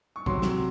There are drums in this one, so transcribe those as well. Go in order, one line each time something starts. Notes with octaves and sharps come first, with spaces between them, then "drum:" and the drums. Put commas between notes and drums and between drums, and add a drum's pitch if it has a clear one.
C#6
C3 F#3 C6, drum: kick
drum: snare